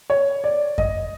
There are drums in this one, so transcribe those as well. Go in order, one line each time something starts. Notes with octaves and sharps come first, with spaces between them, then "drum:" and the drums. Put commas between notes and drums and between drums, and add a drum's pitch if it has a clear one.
C#5
D5
D#5, drum: kick F#2